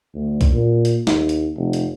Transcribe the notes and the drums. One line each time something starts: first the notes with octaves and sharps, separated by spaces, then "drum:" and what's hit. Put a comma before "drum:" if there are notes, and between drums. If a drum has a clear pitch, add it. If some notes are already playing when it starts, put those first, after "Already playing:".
D2
drum: kick B1, hi-hat
A#2
drum: hi-hat
D#2, drum: snare
drum: hi-hat
F1
drum: hi-hat